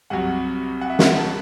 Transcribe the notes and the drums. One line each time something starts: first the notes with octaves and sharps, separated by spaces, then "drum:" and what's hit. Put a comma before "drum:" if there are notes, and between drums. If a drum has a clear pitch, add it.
C2 C3 F#3 F#5
F#5
E5
F#5, drum: snare
A5